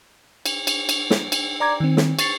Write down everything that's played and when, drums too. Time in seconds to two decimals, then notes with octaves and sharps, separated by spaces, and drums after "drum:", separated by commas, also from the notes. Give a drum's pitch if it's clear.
0.46 drum: cymbal
0.67 drum: cymbal
0.89 drum: cymbal
1.10 drum: snare
1.32 drum: cymbal
1.60 D5 A#5 D6 G#6
1.80 D#3 C4
1.97 drum: snare
2.19 C#6 A6 C7 C#7, drum: cymbal